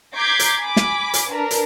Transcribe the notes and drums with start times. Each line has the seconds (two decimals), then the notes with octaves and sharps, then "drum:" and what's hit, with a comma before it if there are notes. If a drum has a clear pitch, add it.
0.16 A#5 D6 G6 G#6 B6 C7
0.39 drum: hi-hat
0.62 G#5 B5 D6
0.76 drum: snare
1.14 drum: hi-hat
1.32 D4 A#4 B4
1.51 drum: hi-hat